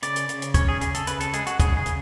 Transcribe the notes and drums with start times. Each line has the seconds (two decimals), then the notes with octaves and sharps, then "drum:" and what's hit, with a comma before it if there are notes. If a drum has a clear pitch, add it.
0.02 C#3 D5, drum: hi-hat
0.16 drum: hi-hat
0.29 C#3, drum: hi-hat
0.42 drum: hi-hat
0.54 C#4 C#5, drum: kick, hi-hat
0.68 G#4
0.81 C#3 G#4, drum: hi-hat
0.94 A4, drum: hi-hat
1.07 C#3 B4, drum: hi-hat
1.20 A4, drum: hi-hat
1.33 G#3 G#4, drum: hi-hat
1.47 F#4, drum: hi-hat
1.60 C#3 G#4, drum: kick, hi-hat
1.77 G#4
1.86 C#3, drum: hi-hat